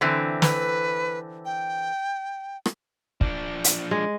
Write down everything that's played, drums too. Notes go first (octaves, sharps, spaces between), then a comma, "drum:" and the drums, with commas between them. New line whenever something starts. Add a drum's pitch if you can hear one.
D3 E3 C4
B4, drum: snare
G5
drum: rim click
F3 D4, drum: kick
drum: hi-hat
G#3